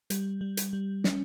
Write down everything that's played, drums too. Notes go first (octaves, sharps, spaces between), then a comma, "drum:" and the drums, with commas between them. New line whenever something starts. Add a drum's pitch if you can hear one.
G3, drum: hi-hat
G3
drum: hi-hat
G3
C#4, drum: snare